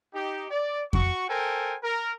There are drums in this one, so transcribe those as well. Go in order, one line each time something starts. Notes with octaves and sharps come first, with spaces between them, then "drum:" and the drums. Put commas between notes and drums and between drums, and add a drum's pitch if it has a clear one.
D#4 G4
D5
F#4 C#6, drum: kick F2
A4 A#4 C5 G5 G#5
A#4